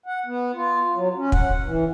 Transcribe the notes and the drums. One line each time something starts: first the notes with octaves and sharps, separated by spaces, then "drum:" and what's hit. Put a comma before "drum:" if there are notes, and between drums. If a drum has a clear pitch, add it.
F#5
B3
F4
F#3
C#4
F#5, drum: kick
E3